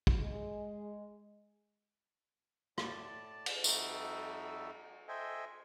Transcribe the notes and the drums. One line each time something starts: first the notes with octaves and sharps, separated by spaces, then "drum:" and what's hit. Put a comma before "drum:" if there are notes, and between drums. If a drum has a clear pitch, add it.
drum: kick
G#3
A2 D5 A5, drum: rim click
drum: cymbal
F2 G3 D#4 F#4 A4 E5, drum: tambourine
A4 C5 D#5 E5 G5 G#5